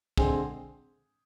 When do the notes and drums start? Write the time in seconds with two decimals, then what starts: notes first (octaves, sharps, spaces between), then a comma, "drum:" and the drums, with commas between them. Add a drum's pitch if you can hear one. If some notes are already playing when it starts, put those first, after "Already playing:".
0.17 D3 G#3 C4 G#4, drum: kick